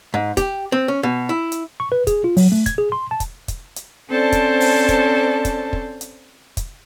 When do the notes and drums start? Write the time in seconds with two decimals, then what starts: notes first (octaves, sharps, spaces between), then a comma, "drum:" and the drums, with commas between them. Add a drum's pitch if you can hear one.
0.14 G#2
0.37 G4, drum: kick, hi-hat
0.72 C4
0.88 C#4
1.03 B2
1.29 E4
1.52 drum: hi-hat
1.80 C#6
1.92 B4
2.07 G#4, drum: kick, hi-hat
2.24 F4
2.37 F#3, drum: open hi-hat
2.52 A3
2.66 G#6, drum: kick, hi-hat
2.78 G#4
2.92 C6
3.11 A5
3.20 drum: kick, hi-hat
3.48 drum: kick, hi-hat
3.76 drum: hi-hat
4.10 C4 C#4 A4 C5 D5 A5
4.32 drum: kick, hi-hat
4.60 drum: open hi-hat
4.89 drum: kick, hi-hat
5.45 drum: kick, hi-hat
5.73 drum: kick
6.01 drum: hi-hat
6.57 drum: kick, hi-hat